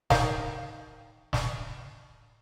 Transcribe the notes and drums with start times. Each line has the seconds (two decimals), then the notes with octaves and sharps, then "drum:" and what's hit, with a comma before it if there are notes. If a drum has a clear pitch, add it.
0.10 D#3 D#4 F5, drum: snare
1.33 drum: snare